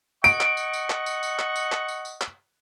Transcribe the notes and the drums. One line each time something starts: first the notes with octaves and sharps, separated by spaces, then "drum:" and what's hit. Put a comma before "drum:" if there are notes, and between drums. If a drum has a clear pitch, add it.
D#5 F#5 C#6 D7, drum: tambourine
drum: clap
drum: tambourine
drum: tambourine
drum: clap
drum: tambourine
drum: tambourine
drum: clap
drum: tambourine
drum: clap
drum: tambourine
drum: tambourine
drum: clap